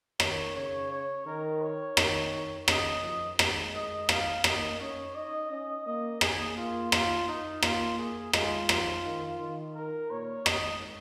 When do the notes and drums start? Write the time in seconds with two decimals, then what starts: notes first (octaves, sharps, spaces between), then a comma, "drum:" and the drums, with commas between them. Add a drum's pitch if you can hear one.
0.20 D#3 C#5, drum: rim click
0.55 C#3 C#5
0.91 C#5
1.26 D#3 A#4
1.61 C#5
1.97 D#3, drum: rim click
2.68 C#3 D#5, drum: rim click
3.03 F3
3.39 G#3, drum: rim click
3.74 D#5
4.09 F5, drum: rim click
4.44 A#3 D#5, drum: rim click
4.80 C#4 C#5
5.15 D#4 D#5
5.50 C#4 D#5
5.86 A#3 D#5
6.21 A#3 G#4, drum: rim click
6.57 F4
6.92 F4, drum: rim click
7.28 D#4
7.62 A#3 F4, drum: rim click
7.98 G#4
8.33 G#3 F4, drum: rim click
8.69 F3, drum: rim click
9.04 D#3
9.40 D#3
9.75 A#4
10.10 A#2 C#5
10.46 G#2 D#5, drum: rim click